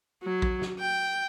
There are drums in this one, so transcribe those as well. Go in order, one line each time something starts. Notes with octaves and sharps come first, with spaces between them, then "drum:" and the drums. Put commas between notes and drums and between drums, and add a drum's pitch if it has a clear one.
F#3
drum: kick A#1
drum: snare
G5